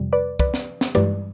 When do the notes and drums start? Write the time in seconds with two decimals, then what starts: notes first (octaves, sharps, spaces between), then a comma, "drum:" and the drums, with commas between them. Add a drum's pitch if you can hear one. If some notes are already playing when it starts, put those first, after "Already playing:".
Already playing: F2 C3 G3
0.13 B4 D5
0.39 B4 D5, drum: kick
0.54 drum: snare
0.81 drum: snare
0.95 G2 E3 G3 B4 D5, drum: tom G#3